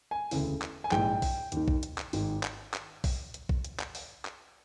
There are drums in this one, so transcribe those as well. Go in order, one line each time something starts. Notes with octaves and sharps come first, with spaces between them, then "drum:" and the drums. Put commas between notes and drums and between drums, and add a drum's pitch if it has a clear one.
G#5
E1 D2 C#3 E3, drum: open hi-hat
drum: clap
G#5
A#1 G#2 E3 G5, drum: clap
drum: kick, open hi-hat
D#2 D#3, drum: hi-hat
drum: kick
drum: hi-hat
drum: clap
G#1 G#2 D#3, drum: open hi-hat
drum: clap
drum: clap
drum: kick, open hi-hat
drum: hi-hat
drum: kick
drum: hi-hat
drum: clap
drum: open hi-hat
drum: clap